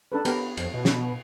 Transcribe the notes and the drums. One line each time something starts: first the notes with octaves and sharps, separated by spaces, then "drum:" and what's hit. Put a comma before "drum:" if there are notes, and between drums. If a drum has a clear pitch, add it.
D4 A4 B4
B3 G4 A#4, drum: cymbal
F2, drum: cymbal
B2
drum: snare